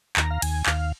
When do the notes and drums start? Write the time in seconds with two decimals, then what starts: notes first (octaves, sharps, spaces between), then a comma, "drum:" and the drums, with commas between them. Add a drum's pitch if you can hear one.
0.16 D#2 A#5, drum: clap
0.31 F5
0.42 D#2 G#5, drum: cymbal
0.66 D#2 F5, drum: clap